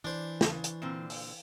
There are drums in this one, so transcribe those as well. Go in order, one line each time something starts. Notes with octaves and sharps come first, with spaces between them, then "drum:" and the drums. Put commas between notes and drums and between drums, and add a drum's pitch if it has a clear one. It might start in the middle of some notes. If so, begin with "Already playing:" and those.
E3 D4 C5 D5
C#3, drum: snare
drum: hi-hat
A#2 D3 C4
drum: open hi-hat